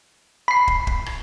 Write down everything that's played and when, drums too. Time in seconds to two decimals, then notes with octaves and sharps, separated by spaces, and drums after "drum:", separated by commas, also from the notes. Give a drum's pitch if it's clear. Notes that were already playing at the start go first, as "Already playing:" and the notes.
0.48 B5 C7
0.67 drum: kick
0.87 drum: kick
1.06 drum: rim click